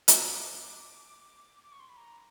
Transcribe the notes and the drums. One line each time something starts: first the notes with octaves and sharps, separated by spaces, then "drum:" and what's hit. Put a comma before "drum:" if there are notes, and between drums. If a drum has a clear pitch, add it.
drum: hi-hat
D#6
D6
D6
C#6
C6
B5
A#5